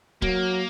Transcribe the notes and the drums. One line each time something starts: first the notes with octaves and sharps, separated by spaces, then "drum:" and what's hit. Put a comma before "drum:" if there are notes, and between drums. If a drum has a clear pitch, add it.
F#3 A#3, drum: kick